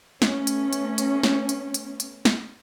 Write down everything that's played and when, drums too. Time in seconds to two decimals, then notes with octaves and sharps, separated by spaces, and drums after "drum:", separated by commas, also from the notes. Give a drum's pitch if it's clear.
0.22 A3 B3 C#4, drum: snare
0.47 drum: hi-hat
0.73 drum: hi-hat
0.98 drum: hi-hat
1.23 drum: snare
1.49 drum: hi-hat
1.74 drum: hi-hat
2.00 drum: hi-hat
2.25 drum: snare